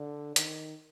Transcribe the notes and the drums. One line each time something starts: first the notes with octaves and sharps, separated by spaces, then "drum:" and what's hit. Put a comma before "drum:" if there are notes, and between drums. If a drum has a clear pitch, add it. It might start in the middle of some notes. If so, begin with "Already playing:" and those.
Already playing: D3
D#3, drum: hi-hat